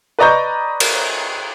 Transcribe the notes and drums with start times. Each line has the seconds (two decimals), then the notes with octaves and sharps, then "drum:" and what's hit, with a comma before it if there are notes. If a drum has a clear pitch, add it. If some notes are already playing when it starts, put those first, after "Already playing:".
0.19 B4 D5 D#5 A#5 C#6 G6
0.80 drum: cymbal